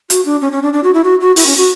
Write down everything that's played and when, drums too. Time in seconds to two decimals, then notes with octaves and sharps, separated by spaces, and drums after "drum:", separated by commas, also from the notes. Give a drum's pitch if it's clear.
0.10 F#4, drum: hi-hat
0.25 D4
0.41 C#4
0.52 C#4
0.63 D4
0.73 D4
0.84 F#4
0.94 E4
1.04 F#4
1.21 F#4
1.36 E4, drum: open hi-hat
1.46 C#4
1.57 F#4